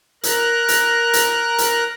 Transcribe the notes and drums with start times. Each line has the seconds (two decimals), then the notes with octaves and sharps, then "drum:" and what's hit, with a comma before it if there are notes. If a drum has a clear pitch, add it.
0.23 A#4 A#5 F#6, drum: hi-hat
0.68 drum: hi-hat
1.13 drum: hi-hat
1.58 drum: hi-hat